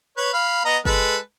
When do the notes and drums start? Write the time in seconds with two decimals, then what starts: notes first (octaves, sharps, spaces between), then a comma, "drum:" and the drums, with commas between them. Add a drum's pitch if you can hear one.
0.17 B4 C#5
0.33 F5 B5
0.65 B3 D#5 A#5
0.85 G#3 A4 B4, drum: kick F#1